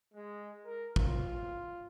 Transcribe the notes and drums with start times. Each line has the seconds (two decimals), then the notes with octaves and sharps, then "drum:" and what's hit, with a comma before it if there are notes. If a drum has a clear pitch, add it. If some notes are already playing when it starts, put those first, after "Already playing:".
0.14 G#3
0.65 A#4
0.96 F4, drum: kick